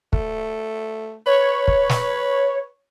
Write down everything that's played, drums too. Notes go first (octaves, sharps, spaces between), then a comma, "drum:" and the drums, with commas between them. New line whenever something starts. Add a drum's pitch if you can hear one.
A3, drum: kick
B4 C#5
drum: kick
drum: snare